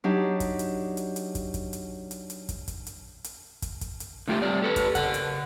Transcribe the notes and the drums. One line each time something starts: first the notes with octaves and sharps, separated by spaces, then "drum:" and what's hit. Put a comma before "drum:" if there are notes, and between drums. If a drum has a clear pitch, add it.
F#3 D4 D#4 G4
drum: kick, hi-hat
drum: hi-hat
drum: hi-hat
drum: hi-hat
drum: kick, hi-hat
drum: kick, hi-hat
drum: hi-hat
drum: hi-hat
drum: hi-hat
drum: kick, hi-hat
drum: kick, hi-hat
drum: hi-hat
drum: hi-hat
drum: kick, hi-hat
drum: kick, hi-hat
drum: hi-hat
D3 A3 F4 G4
G2 C4 D5
G4 A4 B4
drum: kick, hi-hat
C#3 F#5, drum: kick, hi-hat
drum: hi-hat